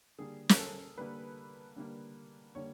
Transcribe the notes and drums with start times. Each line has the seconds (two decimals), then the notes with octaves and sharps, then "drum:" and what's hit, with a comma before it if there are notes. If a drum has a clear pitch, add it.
0.18 D3 G3 A#3 G#4
0.49 A#4, drum: snare
0.58 A4
0.98 D3 G3 A#3 B4
1.76 D3 G3 A#3
2.55 D3 G3 A#3 C#5